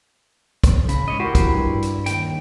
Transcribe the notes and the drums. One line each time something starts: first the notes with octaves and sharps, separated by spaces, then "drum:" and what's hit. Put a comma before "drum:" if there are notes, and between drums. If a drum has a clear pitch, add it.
drum: kick, hi-hat
C#3 B5, drum: hi-hat
G#2 C#5 D#5
E4 F#4 G4 A#4 C5
drum: kick, hi-hat
G2
drum: hi-hat
D#2 G#2 G5, drum: hi-hat